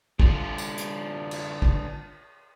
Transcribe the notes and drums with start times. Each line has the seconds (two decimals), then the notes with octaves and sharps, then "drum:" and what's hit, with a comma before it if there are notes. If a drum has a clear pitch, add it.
0.20 D3 F4, drum: kick
0.58 drum: tambourine
0.78 drum: hi-hat
1.31 drum: cymbal
1.62 drum: kick